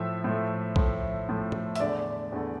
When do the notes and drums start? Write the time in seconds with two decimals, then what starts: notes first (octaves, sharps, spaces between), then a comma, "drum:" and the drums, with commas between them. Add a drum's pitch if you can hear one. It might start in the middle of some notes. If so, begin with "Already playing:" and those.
Already playing: A2 F3 A3 E5
0.24 A2 F3 A3
0.76 A2 F3 A3, drum: kick A#1
1.29 A2 F3 A3
1.52 drum: tom
1.75 E5, drum: hi-hat
1.80 E2 D3 A3 D5
2.32 E2 D3 A3